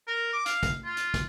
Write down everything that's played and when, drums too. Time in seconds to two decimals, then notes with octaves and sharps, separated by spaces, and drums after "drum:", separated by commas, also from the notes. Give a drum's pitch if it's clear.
0.07 A#4
0.33 D6
0.46 F5, drum: hi-hat
0.63 drum: kick, hi-hat
0.84 F4
0.97 drum: hi-hat
1.14 drum: kick, hi-hat